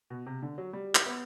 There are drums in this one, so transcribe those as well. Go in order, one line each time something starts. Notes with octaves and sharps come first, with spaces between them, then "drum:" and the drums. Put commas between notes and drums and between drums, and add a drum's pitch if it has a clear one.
B2
C3
D3
F#3
G3
drum: clap
B3